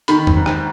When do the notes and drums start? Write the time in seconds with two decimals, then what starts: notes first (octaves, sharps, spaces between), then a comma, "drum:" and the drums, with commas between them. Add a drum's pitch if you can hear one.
0.08 D#3 B5, drum: hi-hat
0.27 drum: tom E2
0.37 G#2
0.46 drum: rim click